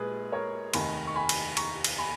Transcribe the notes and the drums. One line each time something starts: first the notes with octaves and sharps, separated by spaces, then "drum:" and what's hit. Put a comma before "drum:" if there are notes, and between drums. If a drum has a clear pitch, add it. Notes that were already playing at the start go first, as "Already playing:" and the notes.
Already playing: A#1 A#2 G#3 G#4 B4
A#4 C#5
F1 D#2 D#3 G#5 B5, drum: cymbal
C#6
G#5 B5
drum: cymbal
A#5 C#6, drum: cymbal
drum: cymbal
G#5 B5